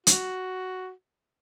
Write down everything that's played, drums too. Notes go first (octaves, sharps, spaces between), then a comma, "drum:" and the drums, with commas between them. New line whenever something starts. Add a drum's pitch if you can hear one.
F#4, drum: hi-hat